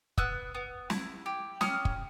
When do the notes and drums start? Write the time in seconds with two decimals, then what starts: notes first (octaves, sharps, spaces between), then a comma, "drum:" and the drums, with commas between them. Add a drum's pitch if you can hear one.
0.18 B3 E6 F#6, drum: kick
0.55 B3
0.90 E4, drum: snare
1.26 G4
1.61 C#4 D#6 F6, drum: snare
1.85 drum: kick